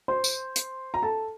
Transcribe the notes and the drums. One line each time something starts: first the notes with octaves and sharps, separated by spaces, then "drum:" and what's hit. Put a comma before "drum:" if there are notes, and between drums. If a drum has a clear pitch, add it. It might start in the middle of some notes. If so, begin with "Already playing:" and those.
C5 C6
drum: tambourine
drum: hi-hat
A#5
A4 A5